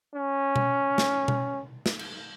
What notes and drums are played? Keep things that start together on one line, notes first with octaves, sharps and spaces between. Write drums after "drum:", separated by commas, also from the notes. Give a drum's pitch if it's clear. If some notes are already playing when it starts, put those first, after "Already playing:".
C#4
drum: tom B2
drum: snare
drum: tom B2
drum: snare
drum: cymbal